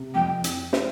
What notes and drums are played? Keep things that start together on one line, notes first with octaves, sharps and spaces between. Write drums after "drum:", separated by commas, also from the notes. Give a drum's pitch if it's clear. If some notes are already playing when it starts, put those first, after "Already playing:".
Already playing: C3
F2 G5
drum: hi-hat
drum: snare